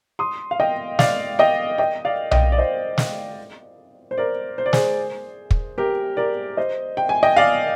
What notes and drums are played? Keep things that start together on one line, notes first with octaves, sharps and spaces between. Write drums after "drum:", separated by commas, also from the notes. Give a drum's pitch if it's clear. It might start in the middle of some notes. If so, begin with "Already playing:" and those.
C6 D#6
F5
D#5 G5
D5 F5, drum: snare
D#5 G5
D#5 G5
D5 F5
D#5 G5, drum: tom B1
D5
C5 D#5
drum: snare
C5
A#4 D5
C5
D5
G#4 C5, drum: snare
drum: kick
G4 A#4
A#4 D5
C5 D#5
G5
G#5
D#5 G5
D5 F5